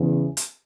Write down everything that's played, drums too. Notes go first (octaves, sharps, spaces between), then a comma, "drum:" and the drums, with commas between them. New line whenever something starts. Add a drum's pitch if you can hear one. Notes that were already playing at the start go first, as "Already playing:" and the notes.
Already playing: E2 C#3 E3
drum: hi-hat